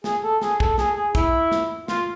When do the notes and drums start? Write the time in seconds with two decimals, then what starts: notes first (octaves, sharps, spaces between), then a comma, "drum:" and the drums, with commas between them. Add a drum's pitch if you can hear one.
0.04 G#4, drum: snare
0.23 A4
0.42 G#4, drum: snare
0.60 A4, drum: kick
0.78 G#4, drum: snare
0.96 G#4
1.15 E4, drum: kick, hi-hat
1.51 drum: snare
1.88 F4, drum: snare